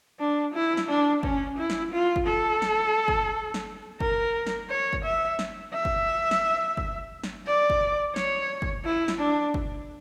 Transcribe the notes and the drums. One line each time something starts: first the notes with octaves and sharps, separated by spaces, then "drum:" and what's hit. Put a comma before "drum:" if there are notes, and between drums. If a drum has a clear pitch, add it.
D4
E4
drum: snare
D4
C#4, drum: kick
E4
drum: snare
F4
drum: kick
A4
drum: snare
drum: kick
drum: snare
A#4, drum: kick
drum: snare
C#5
drum: kick
E5
drum: snare
E5
drum: kick
drum: snare
drum: kick
drum: snare
D5
drum: kick
C#5, drum: snare
drum: kick
E4
drum: snare
D4
drum: kick